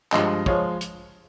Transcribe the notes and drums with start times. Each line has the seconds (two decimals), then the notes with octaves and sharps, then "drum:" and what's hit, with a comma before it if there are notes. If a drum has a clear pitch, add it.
0.12 G2 F3 G#3 D#5, drum: clap
0.46 F3 G#3 C#5, drum: kick
0.81 drum: hi-hat